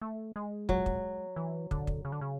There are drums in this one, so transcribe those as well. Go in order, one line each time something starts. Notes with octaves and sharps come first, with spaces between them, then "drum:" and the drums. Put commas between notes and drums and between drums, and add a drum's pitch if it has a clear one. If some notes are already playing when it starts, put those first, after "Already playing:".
A3
G#3
F#3, drum: kick
drum: kick
E3
D3, drum: kick
drum: kick
C#3
D3
C#3